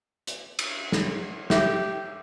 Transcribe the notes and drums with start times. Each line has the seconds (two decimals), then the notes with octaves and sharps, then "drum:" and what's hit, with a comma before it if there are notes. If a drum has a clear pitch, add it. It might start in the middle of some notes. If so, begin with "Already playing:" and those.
0.27 drum: hi-hat
0.59 drum: cymbal
0.92 drum: snare
1.50 G4 E5 D6, drum: snare